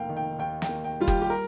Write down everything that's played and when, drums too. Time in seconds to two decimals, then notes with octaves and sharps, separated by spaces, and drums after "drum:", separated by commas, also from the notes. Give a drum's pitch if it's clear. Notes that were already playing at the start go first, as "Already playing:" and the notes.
Already playing: F1 A#3 F5 G5
0.09 D#3
0.17 G5
0.39 D#2 G5
0.62 G5, drum: snare
0.69 A#3
0.84 G5
1.00 G3 F4
1.08 G4, drum: kick F#1
1.22 G4
1.30 A#4